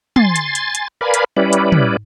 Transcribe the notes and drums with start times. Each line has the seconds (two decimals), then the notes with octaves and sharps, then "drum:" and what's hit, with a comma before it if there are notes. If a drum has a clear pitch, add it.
0.16 G#5 C6 A6, drum: tom
0.36 drum: hi-hat
0.55 drum: hi-hat
0.75 drum: hi-hat
1.01 A#4 B4 D5 F5 G#5 B5
1.14 drum: hi-hat
1.37 G3 C#4 E4 B4 D5
1.53 drum: hi-hat
1.72 drum: tom